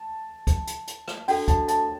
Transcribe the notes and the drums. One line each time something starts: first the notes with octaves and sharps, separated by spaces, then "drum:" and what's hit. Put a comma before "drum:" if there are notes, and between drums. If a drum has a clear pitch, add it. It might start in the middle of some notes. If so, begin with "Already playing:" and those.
Already playing: A5
drum: kick, hi-hat
drum: hi-hat
drum: hi-hat
drum: rim click
D4 F#4 A4 G5, drum: open hi-hat
A5, drum: kick, hi-hat
A5, drum: hi-hat